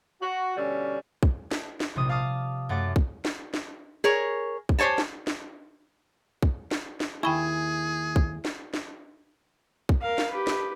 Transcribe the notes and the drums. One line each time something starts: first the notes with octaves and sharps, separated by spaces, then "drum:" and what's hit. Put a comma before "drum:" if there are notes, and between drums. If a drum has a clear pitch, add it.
F#4
B2 D3 G3 C#4
drum: kick
drum: snare
drum: snare
A#1 C3 G3 D#6
F5 A5 D6 D#6 F6
F#2 A3 F#5 D6 A6
drum: kick
drum: snare
drum: snare
G#4 A#4 C#5
drum: kick
G4 C5 C#5 G#5 A5
drum: snare
drum: snare
drum: kick
drum: snare
drum: snare
D#2 E4 G#4 G5 G#5 B5 C#6
drum: kick
drum: snare
drum: snare
drum: kick
A#4 F5
drum: snare
G4 B4
drum: snare